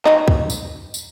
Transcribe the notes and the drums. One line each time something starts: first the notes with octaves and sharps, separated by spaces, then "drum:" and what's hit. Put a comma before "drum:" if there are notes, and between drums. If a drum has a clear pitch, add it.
D#4, drum: clap
drum: kick
drum: tambourine
drum: tambourine